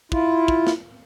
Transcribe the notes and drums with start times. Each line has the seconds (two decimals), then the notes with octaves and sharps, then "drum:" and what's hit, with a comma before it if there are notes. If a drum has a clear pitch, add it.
0.12 E4 F4, drum: kick
0.48 drum: kick
0.67 drum: snare